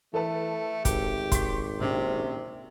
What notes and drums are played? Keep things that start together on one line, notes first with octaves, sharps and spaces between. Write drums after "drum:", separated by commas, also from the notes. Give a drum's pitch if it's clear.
E3 A3 A4 B4 A5
G#1 G4, drum: kick, hi-hat
C6 C#6 B6, drum: kick, hi-hat
A#1 C3 C#4